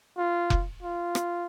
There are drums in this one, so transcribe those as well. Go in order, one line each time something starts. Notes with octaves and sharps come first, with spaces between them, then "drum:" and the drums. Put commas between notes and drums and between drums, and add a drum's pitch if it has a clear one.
F4
drum: kick F1
F4
drum: rim click